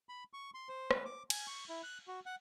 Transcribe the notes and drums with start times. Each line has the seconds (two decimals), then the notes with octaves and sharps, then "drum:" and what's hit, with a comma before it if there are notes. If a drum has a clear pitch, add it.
0.09 B5
0.33 C#6
0.54 C6
0.69 C5
0.91 B4, drum: rim click
1.05 D6
1.30 G#5, drum: cymbal
1.47 C#6
1.69 E4
1.83 F#6
2.08 F#4
2.26 F#5